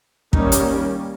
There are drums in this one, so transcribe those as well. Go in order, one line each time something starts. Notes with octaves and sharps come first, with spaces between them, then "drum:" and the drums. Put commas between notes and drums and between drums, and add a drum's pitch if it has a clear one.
D#3 G3 A#3 C#4 D#4, drum: kick
drum: hi-hat